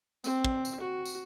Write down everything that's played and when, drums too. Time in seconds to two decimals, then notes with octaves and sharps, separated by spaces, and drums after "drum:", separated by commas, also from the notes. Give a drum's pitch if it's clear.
0.24 C4, drum: tambourine
0.45 drum: kick
0.65 drum: tambourine
0.80 F#4
1.05 drum: tambourine